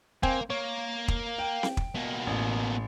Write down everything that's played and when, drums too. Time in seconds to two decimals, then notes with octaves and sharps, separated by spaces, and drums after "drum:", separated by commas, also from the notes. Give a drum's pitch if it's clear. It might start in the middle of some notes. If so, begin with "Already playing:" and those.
0.23 A#3 C4 G5 G#5, drum: kick
0.50 A#3 C#5
1.08 drum: kick
1.39 G5
1.63 drum: snare C4
1.77 drum: kick
1.95 B2 A#3
2.27 A1